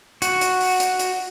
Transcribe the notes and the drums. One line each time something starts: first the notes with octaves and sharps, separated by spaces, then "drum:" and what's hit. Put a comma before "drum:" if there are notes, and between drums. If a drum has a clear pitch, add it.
F#4, drum: hi-hat
drum: hi-hat
drum: open hi-hat
drum: hi-hat
drum: hi-hat